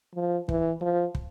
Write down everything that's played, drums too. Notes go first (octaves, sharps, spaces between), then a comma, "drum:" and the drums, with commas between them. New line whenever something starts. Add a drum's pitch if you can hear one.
F3
E3, drum: kick
F3
drum: kick